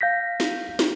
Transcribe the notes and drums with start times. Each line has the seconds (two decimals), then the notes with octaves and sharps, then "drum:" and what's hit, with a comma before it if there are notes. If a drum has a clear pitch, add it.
0.01 F5 G6 A#6 B6
0.40 drum: snare
0.79 drum: snare